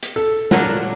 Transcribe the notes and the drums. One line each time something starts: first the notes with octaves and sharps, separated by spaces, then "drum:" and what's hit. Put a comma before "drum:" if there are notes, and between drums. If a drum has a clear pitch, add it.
drum: hi-hat
A4
A#2 F#3 D4 F#4 A#4, drum: snare